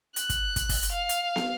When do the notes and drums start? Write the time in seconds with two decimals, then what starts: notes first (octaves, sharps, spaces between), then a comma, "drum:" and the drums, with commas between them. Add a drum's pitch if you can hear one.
0.16 F#6, drum: hi-hat
0.29 drum: kick, hi-hat
0.56 drum: kick, hi-hat
0.69 drum: kick, open hi-hat
0.83 drum: hi-hat
0.92 F5
1.09 drum: hi-hat
1.36 drum: snare